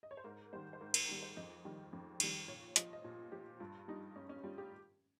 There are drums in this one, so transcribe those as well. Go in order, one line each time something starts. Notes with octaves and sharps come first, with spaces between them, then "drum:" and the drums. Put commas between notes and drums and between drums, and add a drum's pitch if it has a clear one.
D#5
C#5
C5
G#2 A#4
D#3 G3 C5
C5
G#2 A#4
A#4, drum: cymbal
D#3 G3
C5
F2 D#5
D#3 G3
F2
D#3 G3, drum: cymbal
A#2 C#5
F3 D#5, drum: hi-hat
D#5
A#2
F3 G4
G2 F4
G3 D#4
G2 C#4
C#4
G3 F4
G4